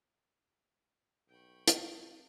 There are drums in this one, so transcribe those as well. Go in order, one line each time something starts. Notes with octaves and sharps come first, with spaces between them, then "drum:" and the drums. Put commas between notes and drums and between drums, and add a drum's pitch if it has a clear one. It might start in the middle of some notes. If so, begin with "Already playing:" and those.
B1 G5 B5 C#6
drum: hi-hat
C4